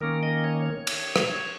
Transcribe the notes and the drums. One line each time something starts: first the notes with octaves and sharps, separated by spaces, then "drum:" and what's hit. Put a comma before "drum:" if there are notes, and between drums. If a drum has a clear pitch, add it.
D#3 A#3 C#4 A#4
D#5
C#5
C#5
drum: cymbal
drum: rim click